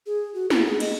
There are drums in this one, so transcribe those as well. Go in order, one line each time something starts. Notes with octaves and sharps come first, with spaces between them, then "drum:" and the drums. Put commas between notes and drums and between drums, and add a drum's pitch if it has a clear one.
G#4
F#4
E4, drum: snare
G#4
D#5, drum: cymbal